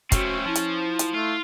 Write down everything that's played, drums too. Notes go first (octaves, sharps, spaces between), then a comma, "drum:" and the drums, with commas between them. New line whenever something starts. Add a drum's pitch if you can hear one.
A3 C4 C#4 F#4, drum: kick, hi-hat
F3 E4
drum: hi-hat
drum: hi-hat
A3 F4